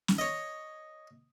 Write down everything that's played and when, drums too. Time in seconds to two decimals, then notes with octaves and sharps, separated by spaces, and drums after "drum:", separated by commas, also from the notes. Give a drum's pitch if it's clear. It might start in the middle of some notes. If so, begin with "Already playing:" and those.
0.08 drum: snare
0.18 C#5 D#5